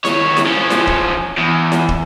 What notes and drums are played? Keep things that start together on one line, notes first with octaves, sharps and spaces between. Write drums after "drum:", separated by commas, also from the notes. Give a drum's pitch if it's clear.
D#3 C#5, drum: snare E4
drum: snare E4
F3 C#4
drum: snare E4
drum: kick
E2
drum: snare E4
drum: kick